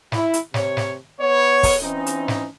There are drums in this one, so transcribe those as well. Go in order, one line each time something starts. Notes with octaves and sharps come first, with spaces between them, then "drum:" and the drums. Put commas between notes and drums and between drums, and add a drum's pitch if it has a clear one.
E4, drum: snare
drum: hi-hat
C3 C#5, drum: snare
drum: snare
B3 B4 C#5
drum: kick, open hi-hat
E3 C4 C#4 D#4
drum: hi-hat
drum: snare